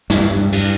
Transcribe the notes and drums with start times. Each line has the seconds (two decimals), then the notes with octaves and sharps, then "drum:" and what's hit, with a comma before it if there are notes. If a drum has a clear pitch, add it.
0.10 G2, drum: snare
0.31 G2
0.52 G2, drum: cymbal